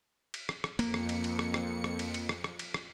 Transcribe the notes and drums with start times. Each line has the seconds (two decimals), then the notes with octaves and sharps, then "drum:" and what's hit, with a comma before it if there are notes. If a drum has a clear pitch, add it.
0.34 drum: cymbal
0.49 drum: rim click
0.64 drum: rim click
0.79 F2 A#3 C#7, drum: cymbal
0.94 drum: rim click
1.09 drum: cymbal
1.24 drum: cymbal
1.39 drum: rim click
1.54 drum: rim click
1.84 drum: rim click
1.99 drum: cymbal
2.14 drum: cymbal
2.29 drum: rim click
2.44 drum: rim click
2.59 drum: cymbal
2.74 drum: rim click